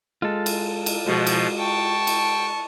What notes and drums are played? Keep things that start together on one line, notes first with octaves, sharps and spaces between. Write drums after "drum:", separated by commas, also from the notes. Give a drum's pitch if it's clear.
G#3 F4 A4
drum: cymbal
drum: cymbal
B2 F3 G#3 F#4
drum: cymbal
G5 A5 C#6
drum: cymbal